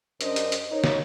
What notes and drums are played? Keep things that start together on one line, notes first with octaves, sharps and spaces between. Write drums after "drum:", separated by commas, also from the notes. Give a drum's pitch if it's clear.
F#2 C#4 D4 A#4 C5 D#5, drum: hi-hat
drum: hi-hat
drum: hi-hat
D#4 A#4 C#5
drum: snare